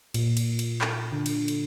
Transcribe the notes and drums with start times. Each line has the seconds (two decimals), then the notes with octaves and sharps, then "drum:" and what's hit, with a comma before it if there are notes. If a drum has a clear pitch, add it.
0.14 A#2, drum: cymbal
0.37 drum: cymbal
0.59 drum: cymbal
0.81 drum: clap
1.12 D3
1.26 drum: cymbal
1.48 drum: cymbal